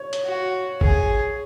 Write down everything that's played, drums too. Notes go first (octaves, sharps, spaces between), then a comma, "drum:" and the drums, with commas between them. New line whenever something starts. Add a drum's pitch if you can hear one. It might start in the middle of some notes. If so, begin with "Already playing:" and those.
Already playing: C#5
drum: hi-hat
F#4
G#4, drum: kick G1